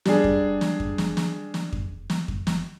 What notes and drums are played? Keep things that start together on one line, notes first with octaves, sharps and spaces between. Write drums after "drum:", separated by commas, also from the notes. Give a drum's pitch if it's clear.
G3 D4 G#4, drum: snare
drum: kick F2
drum: snare
drum: kick F2
drum: snare
drum: snare
drum: snare
drum: kick F2
drum: snare
drum: kick F2
drum: snare